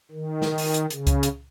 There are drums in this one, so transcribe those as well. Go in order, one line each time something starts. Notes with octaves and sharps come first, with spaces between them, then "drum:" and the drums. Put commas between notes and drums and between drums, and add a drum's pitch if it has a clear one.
D#3
drum: snare
drum: open hi-hat
drum: hi-hat
C#3, drum: hi-hat
drum: kick C#2, hi-hat
drum: hi-hat